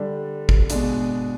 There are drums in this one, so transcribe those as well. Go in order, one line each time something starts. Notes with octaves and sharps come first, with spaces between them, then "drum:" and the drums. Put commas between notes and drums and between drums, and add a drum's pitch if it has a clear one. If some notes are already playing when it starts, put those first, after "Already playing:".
Already playing: D3 G3 D4
drum: kick
B2 G#3 D4, drum: hi-hat